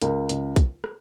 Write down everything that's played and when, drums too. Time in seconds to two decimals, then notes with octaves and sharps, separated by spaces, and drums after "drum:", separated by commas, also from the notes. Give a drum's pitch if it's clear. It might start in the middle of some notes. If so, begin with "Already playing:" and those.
0.01 C#2 A#4, drum: hi-hat
0.29 C#2, drum: hi-hat
0.56 drum: kick, hi-hat
0.84 drum: rim click